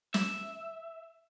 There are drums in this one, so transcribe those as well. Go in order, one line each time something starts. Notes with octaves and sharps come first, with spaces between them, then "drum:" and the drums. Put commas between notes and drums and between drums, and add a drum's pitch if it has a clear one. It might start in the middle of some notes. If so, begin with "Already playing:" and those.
E5, drum: snare